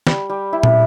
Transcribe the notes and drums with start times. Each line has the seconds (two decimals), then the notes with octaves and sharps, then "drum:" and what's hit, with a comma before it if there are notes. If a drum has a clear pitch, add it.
0.07 G3, drum: snare
0.30 G3
0.53 E4
0.63 drum: tom